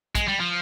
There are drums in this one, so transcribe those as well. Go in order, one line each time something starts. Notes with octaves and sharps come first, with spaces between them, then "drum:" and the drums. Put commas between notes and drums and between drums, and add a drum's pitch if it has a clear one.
G#3, drum: kick, hi-hat
G3
F3